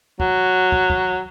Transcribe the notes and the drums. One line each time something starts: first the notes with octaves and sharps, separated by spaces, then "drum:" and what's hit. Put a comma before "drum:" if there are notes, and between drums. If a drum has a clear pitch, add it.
F#3, drum: kick
drum: kick
drum: kick